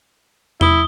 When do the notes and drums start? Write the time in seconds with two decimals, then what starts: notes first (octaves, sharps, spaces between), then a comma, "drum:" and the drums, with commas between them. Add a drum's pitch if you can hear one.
0.61 E4 D#6 G7, drum: tom E2